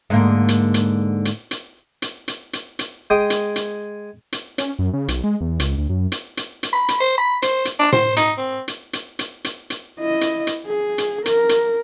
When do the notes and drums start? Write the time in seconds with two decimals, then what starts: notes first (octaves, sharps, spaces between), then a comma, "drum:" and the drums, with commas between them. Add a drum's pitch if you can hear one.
0.10 G#2 D3 A#3
0.48 drum: hi-hat
0.74 drum: hi-hat
1.25 drum: hi-hat
1.51 drum: hi-hat
2.02 drum: hi-hat
2.28 drum: hi-hat
2.53 drum: hi-hat
2.79 drum: hi-hat
3.10 G#3 G5 D#6
3.30 drum: hi-hat
3.56 drum: hi-hat
4.32 drum: hi-hat
4.58 C#4, drum: hi-hat
4.79 F#2
4.93 C#3
5.08 B1, drum: hi-hat
5.24 G#3
5.41 E2
5.60 C#2, drum: hi-hat
5.78 D2
5.89 F#2
6.12 drum: hi-hat
6.37 drum: hi-hat
6.63 drum: hi-hat
6.73 B5
6.88 drum: hi-hat
7.00 C5
7.18 B5
7.42 C5, drum: hi-hat
7.65 drum: hi-hat
7.79 D4
7.92 C5, drum: tom A2
8.16 D#4, drum: hi-hat
8.38 C4
8.68 drum: hi-hat
8.93 drum: hi-hat
9.19 drum: hi-hat
9.44 drum: hi-hat
9.70 drum: hi-hat
10.00 E4 D#5
10.21 drum: hi-hat
10.47 drum: hi-hat
10.67 G#4
10.98 drum: hi-hat
11.26 A#4, drum: hi-hat
11.49 drum: hi-hat